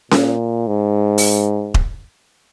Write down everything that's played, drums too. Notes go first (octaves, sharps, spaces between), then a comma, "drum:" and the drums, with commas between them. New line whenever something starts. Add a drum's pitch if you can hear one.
A#2, drum: snare C#4
G#2
drum: open hi-hat
drum: kick D#1